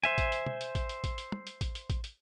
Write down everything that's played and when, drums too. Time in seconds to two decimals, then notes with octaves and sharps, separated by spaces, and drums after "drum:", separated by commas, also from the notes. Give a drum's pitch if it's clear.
0.04 C5 E5 G#5, drum: hi-hat
0.18 drum: kick A1, hi-hat
0.32 drum: hi-hat
0.46 drum: tom
0.61 drum: hi-hat
0.75 drum: kick A1, hi-hat
0.89 drum: hi-hat
1.04 drum: kick A1, hi-hat
1.18 drum: hi-hat
1.32 drum: tom
1.47 drum: hi-hat
1.61 drum: kick A1, hi-hat
1.75 drum: hi-hat
1.90 drum: kick A1, hi-hat
2.04 drum: hi-hat